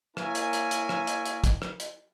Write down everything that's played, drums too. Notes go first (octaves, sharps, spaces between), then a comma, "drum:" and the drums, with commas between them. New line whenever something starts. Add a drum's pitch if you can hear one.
A#3 E4 A#4 C#5 E5 G#5, drum: rim click
drum: hi-hat
drum: hi-hat
drum: hi-hat
drum: rim click
drum: hi-hat
drum: hi-hat
drum: kick, hi-hat
drum: rim click
drum: hi-hat